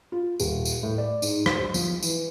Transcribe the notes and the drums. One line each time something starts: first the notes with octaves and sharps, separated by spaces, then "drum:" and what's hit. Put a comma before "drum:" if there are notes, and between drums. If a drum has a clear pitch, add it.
F4
D#1, drum: tambourine
drum: tambourine
A2
D5
G#2, drum: tambourine
C5, drum: rim click
F3, drum: tambourine
E3, drum: tambourine